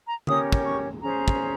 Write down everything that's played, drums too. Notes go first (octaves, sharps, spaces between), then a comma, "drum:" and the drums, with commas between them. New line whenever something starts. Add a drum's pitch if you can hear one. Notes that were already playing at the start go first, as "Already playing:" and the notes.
A#5
C#4 G4 A#4 C#5 D#6, drum: tom D3
drum: kick
C#6
C#4 G#4 C5 A#5
drum: kick